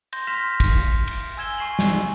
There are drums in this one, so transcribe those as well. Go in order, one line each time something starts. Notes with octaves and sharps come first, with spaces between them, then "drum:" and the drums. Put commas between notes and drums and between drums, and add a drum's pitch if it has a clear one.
C6 G6 A#6, drum: cymbal
C6 F6 A#6 B6 E7 F7
drum: kick, cymbal
drum: cymbal
G#5 E6 G#6 E7 G7
G#5 C#6 C7 E7 F#7
drum: snare